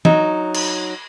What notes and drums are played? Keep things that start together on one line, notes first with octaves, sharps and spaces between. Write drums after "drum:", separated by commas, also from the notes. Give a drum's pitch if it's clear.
F#3 D#4, drum: tom
drum: cymbal